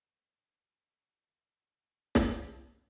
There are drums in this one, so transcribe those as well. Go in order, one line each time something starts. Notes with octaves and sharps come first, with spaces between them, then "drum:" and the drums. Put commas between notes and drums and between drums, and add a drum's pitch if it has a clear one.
F4 F#4 C5 D#6
drum: snare